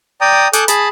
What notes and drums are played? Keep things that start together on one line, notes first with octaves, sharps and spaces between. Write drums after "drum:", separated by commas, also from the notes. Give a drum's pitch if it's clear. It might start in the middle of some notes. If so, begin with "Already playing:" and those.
D5 G5 A#5 D#6
A4 G#5 D6 D#6 F#6 G6, drum: hi-hat
G#4 A5 B5, drum: hi-hat